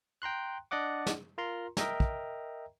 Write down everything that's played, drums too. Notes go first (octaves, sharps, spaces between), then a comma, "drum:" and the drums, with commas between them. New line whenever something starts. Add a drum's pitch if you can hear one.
G5 A#5 C6 F#6
D4 D5 D#5 F#5 D6
drum: snare
F4 A#4 A#5 C6
A#4 D#5 E5 G5 A#5, drum: snare
drum: kick